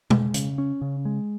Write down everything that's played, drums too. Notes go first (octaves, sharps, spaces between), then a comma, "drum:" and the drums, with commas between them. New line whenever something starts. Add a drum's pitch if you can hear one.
G#3, drum: tom
C#3, drum: hi-hat
C#4
C#3
G#3